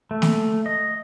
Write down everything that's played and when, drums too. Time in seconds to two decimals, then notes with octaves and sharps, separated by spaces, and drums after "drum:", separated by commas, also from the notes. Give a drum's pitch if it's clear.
0.11 A3
0.22 drum: snare
0.66 D#5